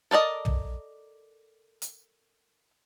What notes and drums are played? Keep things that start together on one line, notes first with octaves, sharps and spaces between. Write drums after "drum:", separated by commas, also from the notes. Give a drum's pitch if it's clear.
A4 A#4 D5 D#5
drum: tom
drum: hi-hat